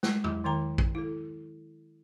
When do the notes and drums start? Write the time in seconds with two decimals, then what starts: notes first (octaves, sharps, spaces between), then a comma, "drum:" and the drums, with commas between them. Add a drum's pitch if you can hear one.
0.03 G#3, drum: snare
0.24 F#3 E4, drum: tom E2
0.44 D#3 E4 A#4 G5 A#5
0.78 drum: kick
0.95 E4 A4